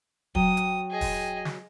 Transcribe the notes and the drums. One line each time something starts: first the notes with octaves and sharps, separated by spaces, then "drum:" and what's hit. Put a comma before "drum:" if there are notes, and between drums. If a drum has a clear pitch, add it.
F#3 G5 D#6, drum: kick
drum: hi-hat
G#4 D#5
drum: kick, open hi-hat
drum: snare